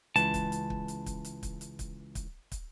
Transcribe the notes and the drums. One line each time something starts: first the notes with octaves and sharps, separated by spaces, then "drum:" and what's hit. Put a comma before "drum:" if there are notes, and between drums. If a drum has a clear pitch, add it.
C#2 E3 A5, drum: hi-hat
drum: kick, hi-hat
drum: hi-hat
drum: kick
drum: hi-hat
drum: kick, hi-hat
drum: hi-hat
drum: kick, hi-hat
drum: hi-hat
drum: kick, hi-hat
drum: kick, hi-hat
drum: kick, hi-hat